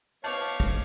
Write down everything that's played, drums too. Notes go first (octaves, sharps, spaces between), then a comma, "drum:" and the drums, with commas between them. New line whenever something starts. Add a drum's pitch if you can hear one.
B3 C#5 F5 A5 C#6 D6 F7, drum: cymbal
drum: kick